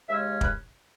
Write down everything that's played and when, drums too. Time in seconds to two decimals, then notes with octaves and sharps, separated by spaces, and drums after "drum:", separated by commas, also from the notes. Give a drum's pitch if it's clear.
0.08 D#2 C#3 G#3 C#4 E5
0.41 B4, drum: kick